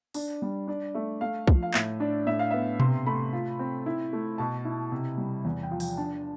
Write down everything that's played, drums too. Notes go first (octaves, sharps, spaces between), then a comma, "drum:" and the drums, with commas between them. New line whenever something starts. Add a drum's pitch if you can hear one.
D4 D5, drum: open hi-hat
G3
D4 D5
A3 E5
A3 F5
F3, drum: kick
F5
A2 E5, drum: clap
D4 D5
A2 E5
F5
B3 E5
C3 C6, drum: tom B2
A3 B5
F4
C4
E4
A3
B2 A5
E4
C3
G3
E2
G5
F3
G5, drum: open hi-hat
D4 A5